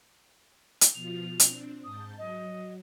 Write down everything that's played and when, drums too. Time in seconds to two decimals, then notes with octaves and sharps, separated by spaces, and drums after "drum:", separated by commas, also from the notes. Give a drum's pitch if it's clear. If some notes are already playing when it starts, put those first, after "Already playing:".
0.81 drum: hi-hat
0.94 B2 F3 F4 F7
1.40 C4 D4, drum: hi-hat
1.84 G#2 A5 D#6 G6
2.18 F#3 D#5